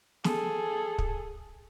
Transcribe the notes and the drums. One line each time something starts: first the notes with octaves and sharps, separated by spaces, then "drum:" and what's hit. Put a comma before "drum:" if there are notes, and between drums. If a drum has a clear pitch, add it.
G#4 A4, drum: snare
drum: kick